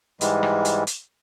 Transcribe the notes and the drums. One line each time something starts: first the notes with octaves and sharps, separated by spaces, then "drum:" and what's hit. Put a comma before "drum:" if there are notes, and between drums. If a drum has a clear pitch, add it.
G#2 E3 G3 G#3, drum: hi-hat
drum: rim click
drum: hi-hat
drum: hi-hat